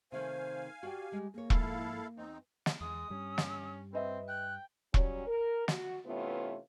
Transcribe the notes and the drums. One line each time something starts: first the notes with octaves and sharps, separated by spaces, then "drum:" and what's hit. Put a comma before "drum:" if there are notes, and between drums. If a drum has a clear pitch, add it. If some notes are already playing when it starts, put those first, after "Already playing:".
C3 D#3 A3 C5 F5 G#5
F#4 G4 D5 G5
G3 G#3
A#3 G#4 C#5
G#2 F3 E4 A4 F5, drum: kick E1
E2 C4 D#4
drum: snare
E2 G#3 D#6
G2 G3 C#4
drum: snare
C4 B4 D#5 E5
G5 F#6
F#3 G3 C#4, drum: kick E1
A#4
F#4, drum: snare
C3 E3 A3 B3 C#4 F4